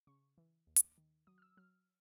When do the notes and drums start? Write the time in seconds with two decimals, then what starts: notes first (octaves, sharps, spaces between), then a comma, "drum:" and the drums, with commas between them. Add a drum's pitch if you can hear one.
0.07 C#3 C#6
0.38 E3
0.67 D#2
0.76 drum: hi-hat
0.98 D#3
1.27 F#3 D#6
1.38 F6
1.42 E6
1.57 F#3 F6